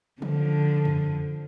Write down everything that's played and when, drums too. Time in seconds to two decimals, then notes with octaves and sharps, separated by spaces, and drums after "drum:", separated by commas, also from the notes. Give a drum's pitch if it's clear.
0.22 D3 F3, drum: tom D3
0.85 drum: tom F2